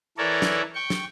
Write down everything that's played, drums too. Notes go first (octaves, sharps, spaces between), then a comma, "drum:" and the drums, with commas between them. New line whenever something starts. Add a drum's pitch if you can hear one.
E3 A4 A#4 C#5 D5
drum: snare
G5 C#6
drum: snare